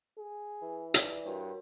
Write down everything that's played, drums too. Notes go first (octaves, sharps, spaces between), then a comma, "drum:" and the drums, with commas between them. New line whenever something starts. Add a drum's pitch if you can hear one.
G#4
E3
D5, drum: hi-hat
G2 F#4 A#4 C#5